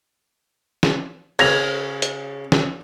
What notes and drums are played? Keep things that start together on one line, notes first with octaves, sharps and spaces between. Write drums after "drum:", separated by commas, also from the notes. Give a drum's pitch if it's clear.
drum: snare
C#3 G#6 A#6 F7, drum: cymbal
drum: hi-hat
drum: snare